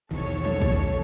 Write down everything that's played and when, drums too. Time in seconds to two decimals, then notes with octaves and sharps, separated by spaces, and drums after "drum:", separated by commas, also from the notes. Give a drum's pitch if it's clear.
0.11 B1 E2 D#3 A4 C#5
0.45 drum: tom E3
0.62 drum: kick